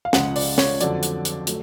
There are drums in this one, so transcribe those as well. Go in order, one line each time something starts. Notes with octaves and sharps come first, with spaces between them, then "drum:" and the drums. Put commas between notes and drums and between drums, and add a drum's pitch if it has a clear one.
F5
C#2 C#3 F3 G#3 F#5, drum: snare
D5, drum: open hi-hat
C#5, drum: snare
F2 D3 F#3 D5, drum: hi-hat
drum: hi-hat
drum: hi-hat
F#3 A3, drum: hi-hat